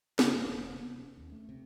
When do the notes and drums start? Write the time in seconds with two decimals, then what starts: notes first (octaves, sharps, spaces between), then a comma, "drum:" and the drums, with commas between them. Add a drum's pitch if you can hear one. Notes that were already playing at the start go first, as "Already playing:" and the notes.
0.19 C#3, drum: snare
0.32 G2
0.44 E1
0.70 C3
0.83 B3
0.98 C#4
1.17 D#2
1.32 A3
1.49 C3